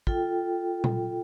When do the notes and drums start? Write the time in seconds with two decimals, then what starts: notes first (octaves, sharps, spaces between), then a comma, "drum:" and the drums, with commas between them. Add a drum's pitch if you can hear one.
0.07 F4 A4 G5, drum: kick
0.84 drum: tom